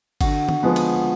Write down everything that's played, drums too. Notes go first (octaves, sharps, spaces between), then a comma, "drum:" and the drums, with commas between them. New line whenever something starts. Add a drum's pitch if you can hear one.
D3 F#4, drum: kick, cymbal
drum: tom
F3 G#3 B3
drum: cymbal